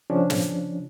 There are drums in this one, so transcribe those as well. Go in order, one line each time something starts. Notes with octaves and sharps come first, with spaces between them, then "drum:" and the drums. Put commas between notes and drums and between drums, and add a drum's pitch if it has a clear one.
C#3 F3 C#4 D4
drum: snare